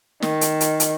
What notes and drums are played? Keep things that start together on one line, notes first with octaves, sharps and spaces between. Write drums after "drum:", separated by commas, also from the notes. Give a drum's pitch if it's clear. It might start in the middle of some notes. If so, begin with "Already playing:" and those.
D#3, drum: snare
drum: hi-hat
drum: hi-hat
drum: hi-hat